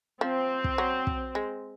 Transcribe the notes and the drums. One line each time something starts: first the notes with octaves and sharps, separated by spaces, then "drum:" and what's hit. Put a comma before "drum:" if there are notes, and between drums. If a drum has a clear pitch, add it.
F3 C4
drum: kick
F#3
drum: kick
G#3